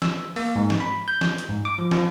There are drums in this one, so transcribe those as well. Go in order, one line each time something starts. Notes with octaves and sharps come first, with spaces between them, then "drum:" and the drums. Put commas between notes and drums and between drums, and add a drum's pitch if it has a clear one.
E6, drum: snare
A#3, drum: open hi-hat
G#2
drum: snare
B5
G6
drum: snare
drum: hi-hat
G#2
D6
F3
F3, drum: snare